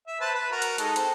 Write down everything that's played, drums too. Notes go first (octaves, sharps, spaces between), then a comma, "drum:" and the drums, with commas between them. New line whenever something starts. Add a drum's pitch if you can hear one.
E5
B4 C5 A5
B4
F#4 A#4
drum: hi-hat
G#3 D#4 A4, drum: hi-hat
C4 A4, drum: hi-hat